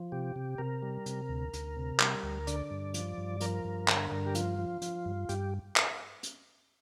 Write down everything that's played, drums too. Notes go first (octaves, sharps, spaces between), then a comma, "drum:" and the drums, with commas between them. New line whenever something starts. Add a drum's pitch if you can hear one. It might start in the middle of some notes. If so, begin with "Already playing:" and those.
Already playing: F3
C3 G4
C3
C3 A#4
G3
C3, drum: hi-hat
D2
D2, drum: hi-hat
C3
G3, drum: clap
D2
D3 D5, drum: hi-hat
G2
F3, drum: hi-hat
G2
F3 A#4, drum: hi-hat
G2
D3, drum: clap
G2
G4
F3 F4, drum: hi-hat
F3
F3, drum: hi-hat
G2
G2 G4, drum: hi-hat
drum: clap
drum: hi-hat